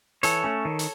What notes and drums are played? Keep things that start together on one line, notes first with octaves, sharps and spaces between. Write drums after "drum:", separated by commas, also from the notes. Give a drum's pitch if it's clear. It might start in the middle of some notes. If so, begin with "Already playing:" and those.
E3 A4 C#5, drum: hi-hat
A3 C#4
D#3
drum: hi-hat